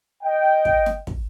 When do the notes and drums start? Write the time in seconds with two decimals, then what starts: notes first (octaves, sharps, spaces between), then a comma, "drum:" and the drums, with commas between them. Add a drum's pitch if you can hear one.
0.23 D#5 G5
0.65 drum: kick
0.86 drum: snare
1.07 drum: kick